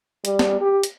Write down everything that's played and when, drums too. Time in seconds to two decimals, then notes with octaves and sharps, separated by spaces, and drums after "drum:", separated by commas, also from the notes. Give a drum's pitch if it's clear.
0.25 G3, drum: hi-hat
0.39 drum: snare
0.61 G4
0.83 drum: hi-hat